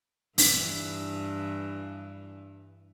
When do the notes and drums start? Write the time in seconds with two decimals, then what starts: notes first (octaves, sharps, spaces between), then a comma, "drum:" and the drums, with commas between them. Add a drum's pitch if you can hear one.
0.38 G2 E3, drum: open hi-hat